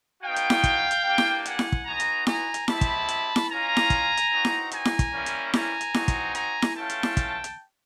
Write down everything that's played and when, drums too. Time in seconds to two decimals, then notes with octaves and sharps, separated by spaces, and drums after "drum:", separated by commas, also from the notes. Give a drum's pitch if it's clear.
0.22 B3 D#4 F#4 F5 G5
0.36 drum: hi-hat
0.50 drum: snare E4
0.64 drum: kick, hi-hat
0.91 drum: hi-hat
1.04 A#3 D4 G4
1.18 drum: snare E4
1.46 F#5 G#5, drum: hi-hat
1.59 drum: snare E4
1.72 drum: kick
1.86 B3 D#4 F#4 G#5 A#5
2.00 drum: hi-hat
2.27 G#5 A#5, drum: snare E4
2.54 drum: hi-hat
2.68 G#3 C4 E4 G4 A5 B5, drum: snare E4
2.81 drum: kick, hi-hat
3.08 drum: hi-hat
3.36 drum: snare E4
3.49 G#3 C#4 F4 G#5 A#5
3.77 drum: snare E4
3.90 drum: kick, hi-hat
4.17 drum: hi-hat
4.30 C4 D#4 F#4
4.45 drum: snare E4
4.71 G#5 A#5, drum: hi-hat
4.85 drum: snare E4
4.99 drum: kick, hi-hat
5.12 G3 A#3 C#4 E4
5.26 drum: hi-hat
5.54 G#5 A#5, drum: snare E4
5.81 drum: hi-hat
5.94 C4 D#4 F#4, drum: snare E4
6.08 drum: kick, hi-hat
6.35 G#5 A#5, drum: hi-hat
6.62 drum: snare E4
6.76 A3 C#4 F4 G5 A5
6.90 drum: hi-hat
7.03 drum: snare E4
7.17 drum: kick, hi-hat
7.44 drum: hi-hat